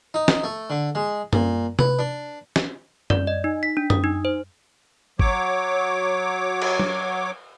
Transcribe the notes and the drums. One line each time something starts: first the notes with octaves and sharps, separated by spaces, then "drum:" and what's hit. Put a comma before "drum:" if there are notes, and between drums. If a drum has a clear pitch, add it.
D#4
drum: snare
A3
D3
G#3
A#2, drum: tom F#2
B4, drum: tom C3
D4
drum: snare
D5, drum: tom F#2
D#5
D#4
B6
D4
D#6, drum: tom F#2
D#4
C5
F#3 C#5 D6, drum: kick G1
drum: cymbal
drum: tom